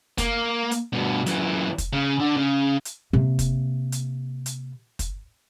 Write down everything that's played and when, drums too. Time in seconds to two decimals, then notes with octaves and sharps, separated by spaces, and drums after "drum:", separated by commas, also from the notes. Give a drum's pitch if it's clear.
0.18 A#3, drum: kick, hi-hat
0.71 drum: hi-hat
0.93 G2 B2
1.26 F#2 E3, drum: hi-hat
1.78 drum: kick, hi-hat
1.93 C#3
2.19 D3
2.37 C#3
2.85 drum: hi-hat
3.13 C3 A#3
3.39 drum: kick, hi-hat
3.92 drum: hi-hat
4.46 drum: hi-hat
4.99 drum: kick, hi-hat